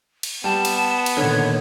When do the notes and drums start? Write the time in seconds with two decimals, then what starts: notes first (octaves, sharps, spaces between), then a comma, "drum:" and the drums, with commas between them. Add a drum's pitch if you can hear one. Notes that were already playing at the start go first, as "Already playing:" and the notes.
0.23 drum: cymbal
0.44 G3 B3 A5
0.65 drum: cymbal
1.06 drum: cymbal
1.17 A#2 D3 D#3 C#5